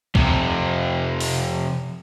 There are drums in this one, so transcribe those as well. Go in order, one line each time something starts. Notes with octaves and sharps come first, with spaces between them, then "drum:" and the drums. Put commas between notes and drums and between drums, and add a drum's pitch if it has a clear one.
F2 C3, drum: kick B1
drum: open hi-hat